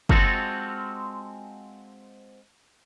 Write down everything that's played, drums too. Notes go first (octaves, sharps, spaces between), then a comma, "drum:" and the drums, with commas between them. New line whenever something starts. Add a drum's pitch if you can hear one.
G#3 C4 F4 F#4 A4, drum: kick